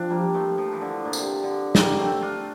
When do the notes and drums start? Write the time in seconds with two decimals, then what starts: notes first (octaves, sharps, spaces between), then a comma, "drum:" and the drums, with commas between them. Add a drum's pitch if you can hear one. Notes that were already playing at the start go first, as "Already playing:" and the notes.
Already playing: F3 C4 D4
0.10 G3 A#3
0.34 F3 A3
0.58 F3
0.73 E3
0.81 D3
1.05 A#2
1.13 C3, drum: tambourine
1.43 D3
1.75 G3 A#3, drum: snare
1.99 A3 C4
2.22 D4 F4